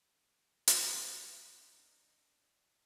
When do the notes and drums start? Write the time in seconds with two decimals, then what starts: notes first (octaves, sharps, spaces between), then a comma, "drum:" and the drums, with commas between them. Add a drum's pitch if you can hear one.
0.68 D4 D#4, drum: hi-hat